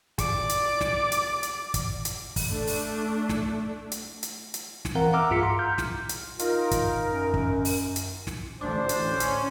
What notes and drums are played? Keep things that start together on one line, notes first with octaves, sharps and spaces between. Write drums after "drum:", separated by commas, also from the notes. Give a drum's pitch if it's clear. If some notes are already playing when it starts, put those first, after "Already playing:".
D5 D6, drum: kick, hi-hat
drum: hi-hat
drum: snare
drum: hi-hat
drum: hi-hat
drum: kick, hi-hat
drum: hi-hat
drum: kick, open hi-hat
A3 D4
drum: open hi-hat
drum: snare
drum: hi-hat
drum: hi-hat
drum: hi-hat
drum: snare
E3 C4 A#4 F5 F#5 A#5
E5 F#5 A#5 D6 E6 F6
B1 G2 F4 G#4 B6 C#7
F5 A#5 C6
F6 G6
drum: snare
drum: hi-hat
D#4 F4 A#4, drum: hi-hat
drum: kick, hi-hat
F#2
drum: kick
drum: open hi-hat
drum: hi-hat
drum: snare
A1 D2 D4 C5
drum: hi-hat
C#4
drum: hi-hat